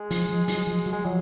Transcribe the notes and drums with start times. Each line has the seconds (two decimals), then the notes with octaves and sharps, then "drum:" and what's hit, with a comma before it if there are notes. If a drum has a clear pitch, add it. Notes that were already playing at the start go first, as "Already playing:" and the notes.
Already playing: G#3
0.11 F3, drum: open hi-hat
0.29 F3
0.48 F#3, drum: open hi-hat
0.67 F3
0.86 F#3
0.93 G#3
1.05 F3 F#3